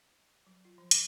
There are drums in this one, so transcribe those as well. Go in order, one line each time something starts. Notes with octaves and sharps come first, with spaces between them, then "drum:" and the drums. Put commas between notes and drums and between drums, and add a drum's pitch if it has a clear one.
F#3
F4
F3
D6, drum: hi-hat